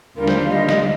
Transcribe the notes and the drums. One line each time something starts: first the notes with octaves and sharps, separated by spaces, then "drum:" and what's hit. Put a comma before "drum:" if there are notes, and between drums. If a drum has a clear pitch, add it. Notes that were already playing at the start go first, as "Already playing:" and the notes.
D#2 D3 G3 D4 F4 A#4
C5, drum: snare
F5
D#5
D#5, drum: snare